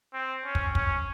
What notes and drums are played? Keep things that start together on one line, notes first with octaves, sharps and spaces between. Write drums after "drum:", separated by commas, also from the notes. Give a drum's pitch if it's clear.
C4
C#4
drum: kick
C#4, drum: kick